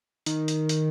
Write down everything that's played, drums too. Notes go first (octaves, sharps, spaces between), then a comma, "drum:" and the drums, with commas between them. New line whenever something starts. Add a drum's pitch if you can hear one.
D#3, drum: hi-hat
drum: hi-hat
drum: hi-hat